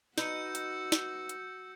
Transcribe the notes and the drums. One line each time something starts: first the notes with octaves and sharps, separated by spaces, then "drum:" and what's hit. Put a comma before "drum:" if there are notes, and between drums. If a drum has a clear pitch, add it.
D#4 F#4 B4 E6 G6 C#7, drum: snare
drum: hi-hat
drum: snare
drum: hi-hat